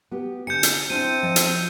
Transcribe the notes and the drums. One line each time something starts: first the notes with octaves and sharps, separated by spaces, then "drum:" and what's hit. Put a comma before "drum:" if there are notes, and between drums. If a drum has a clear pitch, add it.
B3 G4
D3 G#5 G6 C#7
drum: hi-hat
C4 D4 E4 D#7
F3 D#5
drum: hi-hat